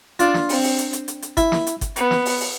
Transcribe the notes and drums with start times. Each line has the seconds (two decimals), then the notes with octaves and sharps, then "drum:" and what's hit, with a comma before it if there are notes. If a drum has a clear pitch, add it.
0.19 D4 F4, drum: hi-hat
0.34 drum: snare
0.49 C4, drum: open hi-hat
0.64 drum: open hi-hat
0.78 drum: hi-hat
0.93 drum: hi-hat
1.08 drum: hi-hat
1.22 drum: hi-hat
1.37 E4, drum: kick G1, hi-hat
1.52 drum: snare
1.67 drum: hi-hat
1.81 drum: kick G1, hi-hat
1.96 B3, drum: hi-hat
2.11 drum: snare
2.25 drum: open hi-hat
2.40 drum: open hi-hat